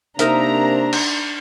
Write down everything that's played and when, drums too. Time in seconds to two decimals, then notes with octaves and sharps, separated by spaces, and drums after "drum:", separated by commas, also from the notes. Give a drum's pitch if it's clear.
0.19 C3 A#3 D4 D#4 A#4 C5 E5 A#5, drum: hi-hat
0.93 drum: cymbal